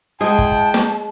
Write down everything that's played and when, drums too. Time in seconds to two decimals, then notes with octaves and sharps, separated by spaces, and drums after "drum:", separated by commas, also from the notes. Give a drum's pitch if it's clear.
0.21 G#3 E4 G#4 F#5 G5 A5
0.38 drum: kick G1
0.74 drum: snare